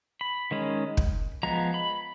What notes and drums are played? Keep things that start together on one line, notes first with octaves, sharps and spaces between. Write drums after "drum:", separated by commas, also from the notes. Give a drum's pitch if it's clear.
B5
D#3 G#3 C#4
drum: kick
F3 G#3 B3 A#5
B5